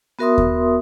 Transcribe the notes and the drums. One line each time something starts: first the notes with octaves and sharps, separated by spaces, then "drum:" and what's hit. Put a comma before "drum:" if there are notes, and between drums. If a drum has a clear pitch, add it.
B3 F#4 A#4 E5 C6 D#6
drum: kick D#2